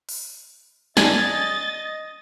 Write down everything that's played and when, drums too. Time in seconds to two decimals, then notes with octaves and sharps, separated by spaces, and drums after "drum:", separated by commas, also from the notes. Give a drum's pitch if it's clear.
0.09 drum: open hi-hat
0.97 D4 D#5 G#5 A6, drum: snare